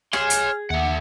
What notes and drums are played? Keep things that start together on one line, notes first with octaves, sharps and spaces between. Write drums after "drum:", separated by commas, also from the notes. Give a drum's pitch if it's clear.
G#4 C#5 C6 F6, drum: rim click
drum: hi-hat
D#2 A3 E5 F#5